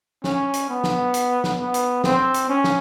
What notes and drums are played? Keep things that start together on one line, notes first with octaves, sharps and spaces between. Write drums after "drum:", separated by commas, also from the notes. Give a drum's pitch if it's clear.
C#4, drum: snare
drum: hi-hat
B3
drum: snare
drum: hi-hat
drum: snare
B3
drum: hi-hat
C4, drum: snare
drum: hi-hat
C#4
drum: snare